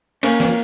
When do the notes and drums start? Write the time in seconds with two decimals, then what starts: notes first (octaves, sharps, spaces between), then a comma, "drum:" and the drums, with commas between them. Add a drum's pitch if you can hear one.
0.23 A#3 C#4, drum: cymbal
0.40 drum: snare